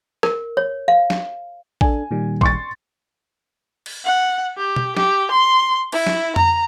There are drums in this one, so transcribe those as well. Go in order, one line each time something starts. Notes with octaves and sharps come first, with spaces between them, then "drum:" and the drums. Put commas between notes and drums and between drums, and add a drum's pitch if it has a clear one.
A#4, drum: rim click
C#5
F5
drum: snare
D4 A4 G#5, drum: kick
A#2 D#3 G3
C6 C#6 A6, drum: kick
drum: cymbal
F#5
G4
drum: tom B2
G4, drum: snare
C6
E4, drum: cymbal
drum: snare
A#5, drum: tom F2